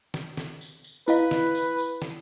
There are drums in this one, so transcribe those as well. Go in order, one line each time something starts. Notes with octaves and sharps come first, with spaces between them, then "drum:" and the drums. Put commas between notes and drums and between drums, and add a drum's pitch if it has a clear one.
drum: snare
drum: snare
drum: tambourine
drum: tambourine
E4 B4 D#5 F5, drum: tambourine
drum: snare
drum: tambourine
drum: tambourine
drum: snare